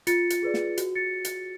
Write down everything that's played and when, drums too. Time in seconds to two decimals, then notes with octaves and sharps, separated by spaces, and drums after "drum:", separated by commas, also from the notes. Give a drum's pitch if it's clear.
0.07 F4 A6 C#7, drum: hi-hat
0.30 drum: hi-hat
0.42 G#4 B4 D5
0.54 drum: snare
0.77 F#4, drum: hi-hat
0.95 A6 C#7
1.25 drum: hi-hat